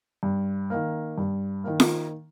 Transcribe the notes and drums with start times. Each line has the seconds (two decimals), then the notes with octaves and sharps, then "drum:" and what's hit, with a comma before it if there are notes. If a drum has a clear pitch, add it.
0.23 G2
0.70 D#3 A#3
1.18 G2
1.64 D#3 A#3
1.80 drum: snare F4